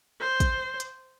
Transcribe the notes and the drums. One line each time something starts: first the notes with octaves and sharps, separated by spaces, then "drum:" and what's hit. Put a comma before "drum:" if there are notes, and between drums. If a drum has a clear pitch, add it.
C5
drum: kick, hi-hat
drum: hi-hat